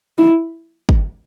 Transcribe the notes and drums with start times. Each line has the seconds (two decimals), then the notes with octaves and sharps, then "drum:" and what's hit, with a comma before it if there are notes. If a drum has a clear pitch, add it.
0.18 E4
0.89 drum: kick